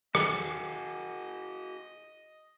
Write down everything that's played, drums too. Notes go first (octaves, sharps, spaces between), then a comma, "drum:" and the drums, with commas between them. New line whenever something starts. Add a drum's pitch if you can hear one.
F#4 G#4 D#5, drum: rim click